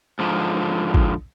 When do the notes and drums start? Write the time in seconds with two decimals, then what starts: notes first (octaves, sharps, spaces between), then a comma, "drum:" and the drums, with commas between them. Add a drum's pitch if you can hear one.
0.19 G#2 D3 F3
0.94 drum: kick